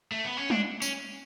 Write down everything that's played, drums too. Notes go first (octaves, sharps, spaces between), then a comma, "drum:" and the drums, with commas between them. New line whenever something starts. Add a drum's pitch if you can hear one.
A3
B3
C#4
D4, drum: tom G3
C#4, drum: tambourine